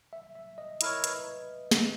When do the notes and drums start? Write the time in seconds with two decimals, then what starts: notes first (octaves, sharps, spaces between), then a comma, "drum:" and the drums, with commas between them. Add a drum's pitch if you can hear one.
0.13 E5
0.35 E5
0.58 D#5
0.81 E4 A#4 C#5 D#5, drum: hi-hat
1.04 B4, drum: hi-hat
1.71 drum: snare